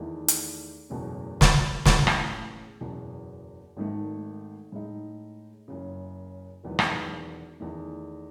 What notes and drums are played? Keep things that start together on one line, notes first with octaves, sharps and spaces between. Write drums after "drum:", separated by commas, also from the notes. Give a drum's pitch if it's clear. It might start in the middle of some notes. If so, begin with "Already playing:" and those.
Already playing: E2 D#3 A3 E4
drum: hi-hat
F#1 E2 B2 A3 C#4
drum: snare
A1 A2 G#3 B3, drum: snare
drum: rim click
F#1 E2 B2
G#1 G#2 D#3 A3
A2 G#3 D#4
F#1 F#2 C#3
E1 E2 D#3 F#3 B3
drum: rim click
E2 D#3 A3